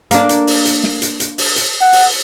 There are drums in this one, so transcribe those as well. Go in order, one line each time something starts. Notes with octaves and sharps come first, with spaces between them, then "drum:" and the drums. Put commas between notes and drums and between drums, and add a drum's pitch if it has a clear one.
A#3 D4, drum: hi-hat
drum: hi-hat
drum: open hi-hat
drum: hi-hat
drum: snare
drum: hi-hat
drum: hi-hat
drum: open hi-hat
drum: hi-hat
F#5
drum: open hi-hat